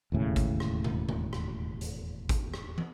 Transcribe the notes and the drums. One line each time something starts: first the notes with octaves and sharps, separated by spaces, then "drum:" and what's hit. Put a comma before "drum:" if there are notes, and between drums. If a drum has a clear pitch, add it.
E1 D#2 A2 C#3
drum: kick G#1, hi-hat
drum: rim click
drum: tom B2
drum: tom B2
drum: rim click
drum: hi-hat
drum: kick G#1, hi-hat
drum: rim click
drum: tom